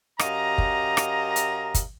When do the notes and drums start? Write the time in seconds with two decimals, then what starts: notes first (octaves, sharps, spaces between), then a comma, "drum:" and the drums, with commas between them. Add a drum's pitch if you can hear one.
0.19 F#2 G4 D#5 F5 A#5, drum: rim click
0.58 drum: kick
0.97 drum: rim click
1.36 drum: hi-hat
1.74 drum: kick, hi-hat